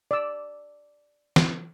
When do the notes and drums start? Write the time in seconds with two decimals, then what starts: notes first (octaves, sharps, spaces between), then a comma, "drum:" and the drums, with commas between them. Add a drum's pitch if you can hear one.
0.11 D5 E6
1.36 drum: snare